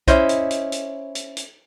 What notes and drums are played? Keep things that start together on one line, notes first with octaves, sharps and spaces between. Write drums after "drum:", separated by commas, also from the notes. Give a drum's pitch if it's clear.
C#4 E4 C5 D#5, drum: kick, hi-hat
drum: hi-hat
drum: hi-hat
drum: hi-hat
drum: hi-hat
drum: hi-hat